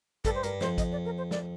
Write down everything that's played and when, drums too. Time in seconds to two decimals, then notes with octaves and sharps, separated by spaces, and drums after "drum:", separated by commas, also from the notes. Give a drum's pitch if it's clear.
0.25 G2 A4, drum: kick A1, hi-hat
0.35 C5
0.43 G2 A#4, drum: hi-hat
0.61 F2 C5, drum: snare
0.78 D#5, drum: kick A1, hi-hat
0.92 D5
1.05 A#4
1.18 C5
1.31 D5, drum: snare